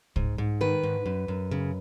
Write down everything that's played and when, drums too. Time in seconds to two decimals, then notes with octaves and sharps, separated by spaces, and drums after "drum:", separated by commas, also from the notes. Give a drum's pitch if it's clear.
0.16 G#2, drum: kick C2
0.38 G#2
0.61 D#3 B4
0.83 G#2
1.06 F#2
1.28 F#2
1.51 C#3